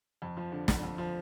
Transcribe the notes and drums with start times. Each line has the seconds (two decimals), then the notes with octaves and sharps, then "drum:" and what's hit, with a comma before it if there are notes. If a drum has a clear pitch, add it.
0.22 F2
0.37 F3
0.52 D3
0.68 F2, drum: snare
0.83 F2
0.98 F3